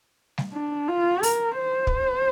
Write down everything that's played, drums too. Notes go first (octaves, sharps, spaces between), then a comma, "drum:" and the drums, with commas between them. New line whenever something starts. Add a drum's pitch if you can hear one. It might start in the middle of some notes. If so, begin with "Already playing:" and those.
drum: snare G3
D4
F4
A#4, drum: open hi-hat
C5
drum: kick